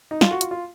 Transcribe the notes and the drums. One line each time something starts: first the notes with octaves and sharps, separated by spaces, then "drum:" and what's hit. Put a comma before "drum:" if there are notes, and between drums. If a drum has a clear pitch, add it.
D#4
F4, drum: snare
F#4
F4, drum: hi-hat
F4